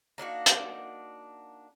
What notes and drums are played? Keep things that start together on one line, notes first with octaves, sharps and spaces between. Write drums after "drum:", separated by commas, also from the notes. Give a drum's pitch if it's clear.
A#3 D4 D#4 F#4
drum: hi-hat